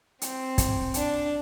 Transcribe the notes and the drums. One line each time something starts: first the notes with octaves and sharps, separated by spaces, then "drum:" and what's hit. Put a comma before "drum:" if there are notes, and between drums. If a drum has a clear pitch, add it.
C4, drum: hi-hat
drum: kick, hi-hat
D4, drum: hi-hat